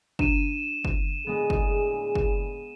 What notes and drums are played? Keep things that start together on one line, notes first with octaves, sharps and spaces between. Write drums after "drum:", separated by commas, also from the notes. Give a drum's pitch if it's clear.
D4 D#7 E7, drum: kick
drum: kick
A2 D3 G#3 B3 G#4
drum: kick
drum: kick